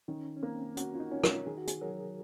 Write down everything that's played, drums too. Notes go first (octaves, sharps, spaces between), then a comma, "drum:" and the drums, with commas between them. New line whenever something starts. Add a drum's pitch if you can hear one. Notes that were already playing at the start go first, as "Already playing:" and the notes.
D#3 C#4
C#4
A#3 C4
C#4 F#4, drum: hi-hat
F4
D#4
C#4
F4, drum: rim click
D#3 G#4
F#4
G#4, drum: hi-hat
F#3 A#4